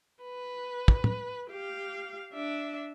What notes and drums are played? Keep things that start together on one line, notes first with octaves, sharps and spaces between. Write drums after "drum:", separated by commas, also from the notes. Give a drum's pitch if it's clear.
B4
drum: kick
drum: tom
G4 F5
D4 E5